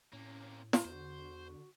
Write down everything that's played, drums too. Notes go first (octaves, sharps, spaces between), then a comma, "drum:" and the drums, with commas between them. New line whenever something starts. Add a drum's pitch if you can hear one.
A2 C3 A#3 C#4
drum: snare
E2 D3 F#4 C5